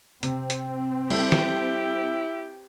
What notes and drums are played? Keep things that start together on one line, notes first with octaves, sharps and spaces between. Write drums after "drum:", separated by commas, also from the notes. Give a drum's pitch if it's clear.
C3 C4, drum: hi-hat
drum: hi-hat
G3 E4 G4 A4, drum: cymbal
drum: snare